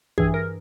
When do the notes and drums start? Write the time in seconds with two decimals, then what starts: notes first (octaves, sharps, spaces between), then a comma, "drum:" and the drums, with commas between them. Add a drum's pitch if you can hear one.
0.18 G2 E3 G#4, drum: kick
0.34 A#4